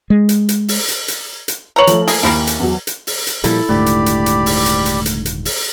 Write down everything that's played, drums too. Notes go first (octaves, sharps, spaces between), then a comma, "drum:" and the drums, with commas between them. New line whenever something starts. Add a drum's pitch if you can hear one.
G#3
drum: hi-hat
drum: hi-hat
drum: open hi-hat
drum: hi-hat
drum: hi-hat
drum: hi-hat
B4 C#5 A#5 F#7
F3 A3, drum: hi-hat
A#3 G#4, drum: open hi-hat
D#2 E3 G3 A#3
drum: hi-hat
E2 F#3
drum: hi-hat
drum: open hi-hat
drum: hi-hat
A#2 F3 G3 E4 A4, drum: hi-hat
D#1 G#2 D3 A3 G4 D5 B5
drum: hi-hat
drum: hi-hat
drum: hi-hat
drum: open hi-hat
drum: hi-hat
drum: hi-hat
drum: hi-hat
drum: hi-hat
drum: open hi-hat